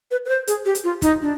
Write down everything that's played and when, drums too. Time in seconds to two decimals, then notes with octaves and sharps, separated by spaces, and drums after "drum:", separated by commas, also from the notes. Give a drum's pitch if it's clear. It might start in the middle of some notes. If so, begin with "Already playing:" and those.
0.11 B4
0.26 B4
0.29 C5
0.47 G#4, drum: hi-hat
0.65 G4
0.75 drum: hi-hat
0.84 F4
1.02 D#4, drum: kick, hi-hat
1.22 D4